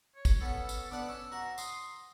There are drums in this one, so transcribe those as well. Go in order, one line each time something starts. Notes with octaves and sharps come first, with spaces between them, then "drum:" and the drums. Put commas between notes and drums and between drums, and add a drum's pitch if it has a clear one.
C#5
drum: kick, tambourine
B3 C#4 A4
drum: tambourine
B3 D4 F#5 D6
C#4 E6
F#4 A#5
C6 D#6, drum: tambourine